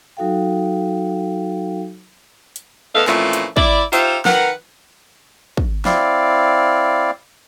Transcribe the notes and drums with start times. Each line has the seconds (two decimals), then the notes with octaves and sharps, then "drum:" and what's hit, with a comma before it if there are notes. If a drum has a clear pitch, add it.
0.17 F#3 D#4 F#4 A4 F5 G5
2.56 drum: hi-hat
2.95 E2 A3 B3 A4 D#5 F5
3.07 A#2 E3 F3 A3 C4 C#4, drum: clap
3.33 drum: hi-hat
3.57 E4 D5, drum: kick
3.93 D#4 F4 G4 C5 E5, drum: tambourine
4.25 D#3 A#4 B4 F#5, drum: snare
5.57 drum: kick
5.85 C4 E4 D5 F5, drum: snare